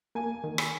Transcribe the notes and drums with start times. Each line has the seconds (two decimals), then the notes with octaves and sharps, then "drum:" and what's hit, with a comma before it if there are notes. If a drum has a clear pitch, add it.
0.15 A#3 G#5
0.44 D#3
0.58 drum: rim click